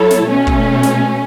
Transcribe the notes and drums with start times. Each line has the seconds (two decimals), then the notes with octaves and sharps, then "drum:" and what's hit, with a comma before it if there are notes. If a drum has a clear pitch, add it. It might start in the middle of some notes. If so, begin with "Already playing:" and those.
Already playing: F#3 E4 A4 C#5
0.10 drum: snare
0.27 B2 A3 C#4
0.47 drum: kick
0.83 drum: snare